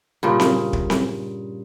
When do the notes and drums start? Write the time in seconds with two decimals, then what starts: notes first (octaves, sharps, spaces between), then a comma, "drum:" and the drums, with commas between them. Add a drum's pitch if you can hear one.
0.23 G2 A#2 C#3
0.40 drum: snare C4
0.73 drum: kick
0.90 drum: snare C4